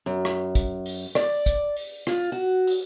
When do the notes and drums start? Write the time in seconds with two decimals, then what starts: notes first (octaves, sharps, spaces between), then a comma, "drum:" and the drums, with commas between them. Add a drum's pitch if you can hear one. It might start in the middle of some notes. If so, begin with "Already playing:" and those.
0.06 F#2
0.25 drum: rim click
0.55 drum: kick, hi-hat
0.86 drum: open hi-hat
1.15 D5, drum: rim click
1.46 drum: kick, hi-hat
1.77 drum: open hi-hat
2.07 F4, drum: rim click
2.32 F#4
2.67 drum: open hi-hat